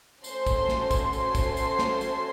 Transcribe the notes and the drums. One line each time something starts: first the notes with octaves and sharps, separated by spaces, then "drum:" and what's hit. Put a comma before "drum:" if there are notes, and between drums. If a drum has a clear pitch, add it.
A3 C#4 F#4 A4 C5 C6, drum: tambourine
drum: kick, tambourine
drum: snare
drum: kick, tambourine
C5 C6, drum: tambourine
drum: kick, tambourine
drum: tambourine
drum: snare
drum: tambourine